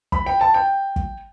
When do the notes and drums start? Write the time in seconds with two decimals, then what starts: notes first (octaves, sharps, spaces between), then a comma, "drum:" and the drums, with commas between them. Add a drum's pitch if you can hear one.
0.12 B5, drum: kick
0.26 G5
0.41 A5
0.54 G5
0.96 drum: kick